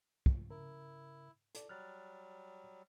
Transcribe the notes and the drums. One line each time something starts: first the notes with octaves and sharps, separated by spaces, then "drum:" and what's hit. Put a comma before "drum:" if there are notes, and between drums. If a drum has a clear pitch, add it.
drum: kick
C#3 E4 A#4
A4 D5, drum: hi-hat
F#3 G3 F6 F#6 A6